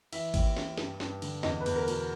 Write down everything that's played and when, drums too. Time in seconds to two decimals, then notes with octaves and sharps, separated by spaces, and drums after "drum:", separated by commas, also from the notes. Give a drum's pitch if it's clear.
0.13 E3 E5, drum: cymbal
0.34 D#2, drum: kick G#1, cymbal
0.56 D#2, drum: snare
0.77 G2, drum: snare
1.00 G2, drum: snare
1.22 D3, drum: cymbal
1.43 E2 D#5, drum: snare
1.60 B4
1.66 E2, drum: cymbal
1.76 A#4
1.88 B2, drum: cymbal